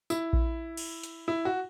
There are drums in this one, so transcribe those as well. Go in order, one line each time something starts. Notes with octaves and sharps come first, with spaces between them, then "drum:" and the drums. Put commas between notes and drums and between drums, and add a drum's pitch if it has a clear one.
E4, drum: tambourine
drum: kick A#1
drum: cymbal
drum: hi-hat
E4
F#4